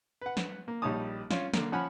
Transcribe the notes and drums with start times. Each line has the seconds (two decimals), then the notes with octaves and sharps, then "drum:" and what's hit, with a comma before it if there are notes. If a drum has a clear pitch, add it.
0.21 B4 F#5
0.37 drum: snare
0.68 A#3
0.82 A#1 G3 D#4 C#5 A5 D#6
1.31 C#4 F4, drum: snare
1.54 D3 A#3, drum: snare
1.72 F3 C#4 F#5 G#5 B5 F6